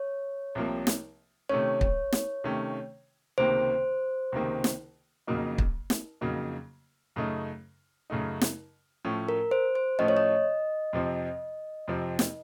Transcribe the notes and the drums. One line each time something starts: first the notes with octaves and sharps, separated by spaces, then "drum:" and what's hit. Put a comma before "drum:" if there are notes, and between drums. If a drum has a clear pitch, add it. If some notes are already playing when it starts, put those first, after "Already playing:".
Already playing: C#5
C2 C3 F3 A#3
drum: snare
C3 D#3 A3 C#4 C#5
drum: kick
drum: snare
C3 D#3 A3 C#4
C#2 C3 D#3 A#3 C5
C#2 C3 D#3 A#3
drum: snare
F2 C#3 F#3 A#3 D#4
drum: kick
drum: snare
F2 C#3 F#3 A#3 D#4
F#2 C#3 A3 D#4
F#2 C#3 A3 D#4
drum: snare
A2 F3 A3 C#4
A#4
C5
C5
A2 F3 A3 C#4 D#5
C#5
D#5
F2 C3 F3 C4
F2 C3 F3 C4
drum: snare